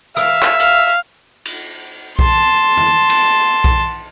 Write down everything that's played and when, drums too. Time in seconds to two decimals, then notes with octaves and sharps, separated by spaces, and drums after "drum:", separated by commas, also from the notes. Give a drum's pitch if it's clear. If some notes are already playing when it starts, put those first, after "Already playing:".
0.17 E5 F5, drum: rim click
0.42 drum: clap
0.60 F5, drum: hi-hat
1.45 drum: cymbal
2.19 A5 C6, drum: kick B1
2.77 drum: tom
3.10 drum: cymbal
3.64 drum: kick B1